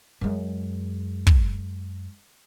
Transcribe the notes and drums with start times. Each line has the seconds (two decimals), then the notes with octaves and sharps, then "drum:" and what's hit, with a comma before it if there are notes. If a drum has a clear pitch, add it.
0.21 F#2 G#3
1.27 drum: kick